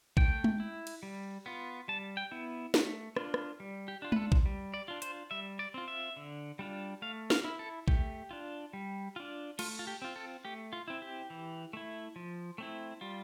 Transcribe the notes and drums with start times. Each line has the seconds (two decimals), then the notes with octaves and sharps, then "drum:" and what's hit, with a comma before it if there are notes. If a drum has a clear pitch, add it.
0.17 A3 G5, drum: kick A#1
0.44 drum: tom G#3
0.60 E4
0.87 drum: cymbal
1.03 G3
1.46 B3 F4
1.88 G3 A5
2.17 G5
2.31 B3 E4
2.74 A3, drum: snare
3.17 D4 F4, drum: rim click
3.34 drum: rim click
3.60 G3
3.88 G4
4.02 D4 F4
4.12 B4, drum: tom G#3
4.16 A4
4.32 drum: kick A#1
4.46 G3
4.74 D5
4.88 D4 F4
5.02 C5, drum: hi-hat
5.31 G3 E5
5.59 D5
5.74 C4 F4
5.88 E5
6.17 D3
6.59 G3 D4 F4
7.02 A3 F5
7.30 F5, drum: snare
7.44 E4
7.59 A4
7.88 A3 G4, drum: kick A#1
8.31 D4 F4
8.73 G3
9.16 D4 F4
9.59 A3 F4, drum: cymbal
9.79 F4
9.87 G4
10.02 C4 F4
10.16 A4
10.45 A3 G4
10.73 F4
10.88 C4 E4
11.02 G4
11.30 E3
11.73 A3 E4
12.16 F3
12.58 A3 C4 E4
13.01 G3 F4